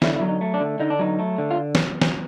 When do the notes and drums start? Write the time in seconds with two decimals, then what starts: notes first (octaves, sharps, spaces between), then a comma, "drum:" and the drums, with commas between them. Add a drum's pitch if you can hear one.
0.02 D3 E4, drum: snare
0.16 E4
0.21 F#3
0.28 D#4
0.41 A3
0.54 D4
0.60 D3
0.80 D3 D#4
0.90 D4
0.99 F#3 D#4
1.19 A3
1.38 D3
1.51 F4
1.75 drum: snare
2.01 drum: snare